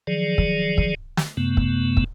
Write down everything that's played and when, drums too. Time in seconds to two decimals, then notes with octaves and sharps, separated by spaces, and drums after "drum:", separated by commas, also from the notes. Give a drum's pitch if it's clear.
0.07 D#3 F3 F#3 G#4 D5
0.38 drum: kick
0.78 drum: kick
1.17 drum: snare
1.37 F#2 C3 A3 B3
1.57 drum: kick
1.97 drum: kick